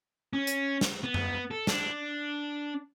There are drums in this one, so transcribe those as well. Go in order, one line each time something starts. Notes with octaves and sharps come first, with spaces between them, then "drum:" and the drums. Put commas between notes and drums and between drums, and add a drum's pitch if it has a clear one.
C#4
drum: hi-hat
drum: snare
B3
drum: tom F#2
A4
D4, drum: snare